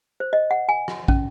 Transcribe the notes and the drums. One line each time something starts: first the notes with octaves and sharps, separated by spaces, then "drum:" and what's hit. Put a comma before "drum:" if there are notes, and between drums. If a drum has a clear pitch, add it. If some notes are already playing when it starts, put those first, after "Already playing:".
C5
D#5
F#5
G#5
drum: rim click
C#4, drum: kick